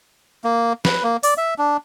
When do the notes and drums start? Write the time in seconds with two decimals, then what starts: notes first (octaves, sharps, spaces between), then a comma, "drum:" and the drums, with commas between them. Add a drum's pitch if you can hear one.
0.44 A#3
0.85 B4, drum: snare
1.03 A#3
1.23 D5, drum: open hi-hat
1.38 E5
1.58 D4